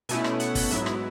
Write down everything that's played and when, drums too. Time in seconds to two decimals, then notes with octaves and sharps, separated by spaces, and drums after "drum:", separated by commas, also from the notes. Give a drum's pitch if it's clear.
0.09 B2 A3 C#4 E4 G#5, drum: hi-hat
0.24 drum: rim click
0.40 F#5, drum: hi-hat
0.55 drum: kick, open hi-hat
0.71 G#2 F#3 B3 E4 E5, drum: hi-hat
0.86 drum: rim click